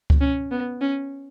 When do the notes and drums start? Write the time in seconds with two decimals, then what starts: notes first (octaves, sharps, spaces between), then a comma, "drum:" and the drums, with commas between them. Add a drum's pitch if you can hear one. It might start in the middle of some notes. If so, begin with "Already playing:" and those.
0.10 drum: kick C#2
0.21 C#4
0.51 B3
0.81 C#4